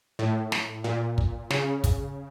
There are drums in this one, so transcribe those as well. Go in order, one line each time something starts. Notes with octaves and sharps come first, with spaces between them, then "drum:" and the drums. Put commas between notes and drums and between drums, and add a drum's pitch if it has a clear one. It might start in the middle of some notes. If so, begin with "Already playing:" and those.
A2
drum: snare
A#2
drum: kick
C#3, drum: snare
drum: kick, hi-hat